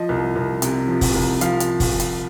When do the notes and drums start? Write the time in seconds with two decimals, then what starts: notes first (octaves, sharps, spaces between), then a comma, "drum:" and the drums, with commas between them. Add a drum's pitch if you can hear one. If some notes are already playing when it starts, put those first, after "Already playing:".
Already playing: F3 D#5
0.09 C2
0.36 C2
0.62 C3, drum: hi-hat
0.88 F3
1.01 drum: kick, open hi-hat
1.15 C2
1.41 F3 F5, drum: hi-hat
1.60 drum: hi-hat
1.80 drum: kick, open hi-hat
2.00 drum: hi-hat